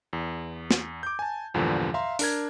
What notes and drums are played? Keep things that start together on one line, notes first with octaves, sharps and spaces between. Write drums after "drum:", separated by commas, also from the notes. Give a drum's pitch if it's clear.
E2
drum: snare
D6 G6
G#5 A5
E2 G2 A#2 D3 F3
E5 F5 A#5 C6
D4 A#4 G#6, drum: open hi-hat